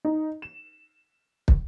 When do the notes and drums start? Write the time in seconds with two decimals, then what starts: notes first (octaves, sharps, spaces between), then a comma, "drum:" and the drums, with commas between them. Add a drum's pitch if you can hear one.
0.05 D#4
0.42 E7
1.48 drum: kick